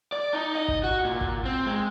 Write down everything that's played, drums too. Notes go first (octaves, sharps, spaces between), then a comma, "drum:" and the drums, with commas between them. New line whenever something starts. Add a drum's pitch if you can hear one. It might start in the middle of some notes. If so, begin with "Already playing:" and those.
D5
D#4
D#5
drum: kick G#1
F#4
A#2
drum: kick G#1
C4
G#3